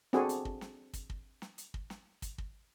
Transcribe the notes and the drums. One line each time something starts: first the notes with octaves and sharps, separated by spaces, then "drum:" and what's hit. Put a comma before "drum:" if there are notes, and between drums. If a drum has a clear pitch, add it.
C4 D4 F#4 G#4 A4, drum: snare
drum: hi-hat
drum: kick
drum: snare
drum: kick, hi-hat
drum: kick
drum: snare
drum: hi-hat
drum: kick
drum: snare
drum: kick, hi-hat
drum: kick